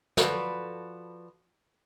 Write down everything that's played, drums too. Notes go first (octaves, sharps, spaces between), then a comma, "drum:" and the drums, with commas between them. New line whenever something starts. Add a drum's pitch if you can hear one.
F3 F#4 A4 B4 D5, drum: snare